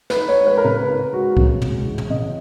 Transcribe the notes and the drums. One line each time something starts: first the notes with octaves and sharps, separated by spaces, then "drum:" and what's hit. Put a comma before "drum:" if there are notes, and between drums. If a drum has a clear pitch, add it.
B4, drum: snare
D#4
C#5
G#3
B4
A#4
C#3 B4
D#4 A#4
G#3 F#4
C#3, drum: kick
G#3, drum: tom
E3
drum: tom
C#3 D#5